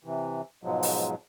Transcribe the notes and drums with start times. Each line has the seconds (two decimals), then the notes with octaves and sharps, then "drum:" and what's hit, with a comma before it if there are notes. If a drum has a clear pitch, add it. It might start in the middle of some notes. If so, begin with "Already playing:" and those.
0.04 C3 E3
0.63 G#2 B2 F3 F#3 G#3
0.83 drum: open hi-hat